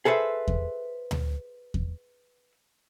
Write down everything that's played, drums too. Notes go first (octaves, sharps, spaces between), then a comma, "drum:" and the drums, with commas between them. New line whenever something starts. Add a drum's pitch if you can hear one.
G#4 A4 B4 C5 E5
drum: kick E2
drum: tom D2
drum: kick E2